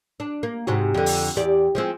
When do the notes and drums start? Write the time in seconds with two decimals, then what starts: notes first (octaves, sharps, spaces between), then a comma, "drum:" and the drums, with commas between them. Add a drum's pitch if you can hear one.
0.20 D4
0.43 A#3
0.67 G#2 C3 F#4
0.94 F2 D3
1.06 drum: open hi-hat
1.37 E2 G4 D5
1.75 F3 G#3 C4